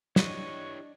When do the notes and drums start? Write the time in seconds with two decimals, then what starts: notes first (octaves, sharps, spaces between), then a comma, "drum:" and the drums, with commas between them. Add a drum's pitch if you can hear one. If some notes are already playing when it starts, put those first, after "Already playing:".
0.16 D4 E4 G4 C#5 D#5 C#6, drum: snare